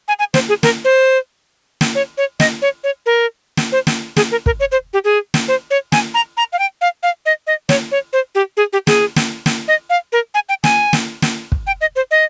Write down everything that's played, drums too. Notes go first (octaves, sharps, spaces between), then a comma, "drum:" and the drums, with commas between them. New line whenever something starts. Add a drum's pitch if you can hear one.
G#5
G#5
C5, drum: snare
G#4
A#4, drum: snare
C5
drum: snare
C#5
C#5
D#5, drum: snare
C#5
C#5
A#4
drum: snare
C5
drum: snare
G#4, drum: snare
A#4
A#4, drum: kick
C#5
C5
G4
G#4
drum: snare
C5
C#5
G#5, drum: snare
A#5
A#5
F5
G5
F5
F5
D#5
D#5
C#5, drum: snare
C#5
C5
G4
G#4
G4
G#4, drum: snare
drum: snare
drum: snare
D#5
F5
A#4
G#5
G5
G#5, drum: snare
drum: snare
drum: snare
drum: kick
G5
D#5
C5
D#5